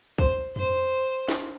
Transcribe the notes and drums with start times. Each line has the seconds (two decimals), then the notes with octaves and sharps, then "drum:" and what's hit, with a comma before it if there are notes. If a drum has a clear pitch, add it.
0.18 C5, drum: kick
0.56 C5, drum: tom F2
1.29 drum: snare